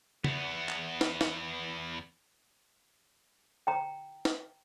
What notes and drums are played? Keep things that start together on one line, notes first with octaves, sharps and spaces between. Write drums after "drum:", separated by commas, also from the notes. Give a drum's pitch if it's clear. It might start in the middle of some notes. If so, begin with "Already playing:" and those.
E2 B3, drum: tom
drum: clap
drum: snare
drum: snare
G5 A#5
drum: snare